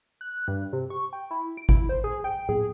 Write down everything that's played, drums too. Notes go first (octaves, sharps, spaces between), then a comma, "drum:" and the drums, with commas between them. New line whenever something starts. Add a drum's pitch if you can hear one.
F#6
G2
C3
C#6
G5
E4
D7
E4, drum: kick G#1
C5
G#4
G5
G#4, drum: tom A2